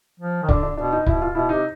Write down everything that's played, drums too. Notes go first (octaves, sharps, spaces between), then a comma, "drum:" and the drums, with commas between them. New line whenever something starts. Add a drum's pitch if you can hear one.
F3
D#3
D3 D4, drum: kick C#1
D4
B2 D4
D#4
B2 E4, drum: kick C#1
F4
B2 E4
C3 D#4